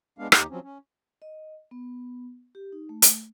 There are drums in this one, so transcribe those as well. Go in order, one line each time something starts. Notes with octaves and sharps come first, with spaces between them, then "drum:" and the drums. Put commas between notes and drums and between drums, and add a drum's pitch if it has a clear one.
G#3 B3 D4 F5
D#2 D#4 G4, drum: rim click
F3 F#3 C4 C#4
C#4
D#5
B3
G4
D#4
A3
drum: hi-hat